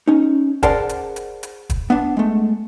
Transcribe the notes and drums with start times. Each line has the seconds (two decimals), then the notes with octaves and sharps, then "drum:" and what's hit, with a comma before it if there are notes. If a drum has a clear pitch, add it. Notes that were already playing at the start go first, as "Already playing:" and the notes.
0.08 C#4 D#4
0.63 G#4 A#4 C5 D5 F#5 A5, drum: kick, hi-hat
0.89 drum: hi-hat
1.16 drum: hi-hat
1.43 drum: hi-hat
1.70 drum: kick, hi-hat
1.90 B3 D4
2.17 G#3 A3